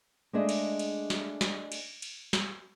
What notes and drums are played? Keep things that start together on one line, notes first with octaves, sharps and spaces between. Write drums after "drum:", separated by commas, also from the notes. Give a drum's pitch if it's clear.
G#3 A3 D4 G#4 D#5 E5
drum: cymbal
drum: cymbal
drum: snare
drum: snare
drum: cymbal
drum: cymbal
drum: snare